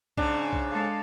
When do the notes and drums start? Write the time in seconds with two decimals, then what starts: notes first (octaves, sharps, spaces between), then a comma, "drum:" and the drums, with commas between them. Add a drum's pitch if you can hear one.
0.17 G#2 C#3 D4, drum: kick B1
0.53 drum: kick B1
0.70 G#3 A4 F5